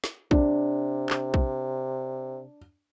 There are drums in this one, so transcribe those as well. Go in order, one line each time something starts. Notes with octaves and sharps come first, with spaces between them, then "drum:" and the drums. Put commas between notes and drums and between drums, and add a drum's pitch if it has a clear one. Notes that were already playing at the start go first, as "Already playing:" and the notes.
drum: snare
C3 D4, drum: kick A#1
drum: clap
drum: kick A#1